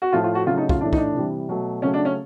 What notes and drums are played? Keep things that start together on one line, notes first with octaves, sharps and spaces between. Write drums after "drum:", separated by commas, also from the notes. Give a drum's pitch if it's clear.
F#4
A2 F3 A3 F4
F4
F#4
C#3 F#3 A3 F4
D#4
F4, drum: kick
A2 E3 A3 D4
D#4, drum: kick
D4
C3 E3 G3
B2 F#3 A3
C#3 F#3 A3 C#4
D4
C#4